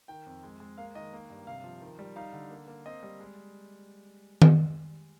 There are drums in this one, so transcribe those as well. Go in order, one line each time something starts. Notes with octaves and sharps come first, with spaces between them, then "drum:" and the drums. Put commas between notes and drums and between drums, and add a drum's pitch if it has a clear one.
D#3 G5
F2
G#3
G#3
A#3 F5
D#3 D#5
A#3
G2
C3 F5
F3
D#3
G3
D#4 F5
D3
A#3
A#3
C4 D#5
G3
G#3
drum: tom D#3